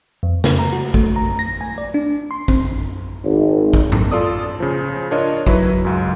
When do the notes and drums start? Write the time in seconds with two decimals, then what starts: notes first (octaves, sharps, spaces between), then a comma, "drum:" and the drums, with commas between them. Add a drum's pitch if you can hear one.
0.23 F2
0.44 C#3, drum: snare
0.59 A#5
0.73 F#4
0.94 A3, drum: kick A1
1.16 A#5
1.39 A#6
1.61 G#5
1.78 D5
1.94 D4
2.31 C6
2.48 C4, drum: kick A1
3.24 G#1
3.73 drum: kick A1
3.92 drum: tom G#2
4.12 F4 A4 D5 D#6
4.60 C#3 F3
5.11 D4 F4 A#4 C#5 D#5
5.47 F#3 E4 B4, drum: kick A1
5.85 C#2 F#2